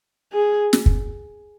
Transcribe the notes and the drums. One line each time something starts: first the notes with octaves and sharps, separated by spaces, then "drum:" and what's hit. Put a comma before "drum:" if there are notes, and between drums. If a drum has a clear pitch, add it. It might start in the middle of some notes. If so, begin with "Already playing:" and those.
G#4
drum: snare
drum: kick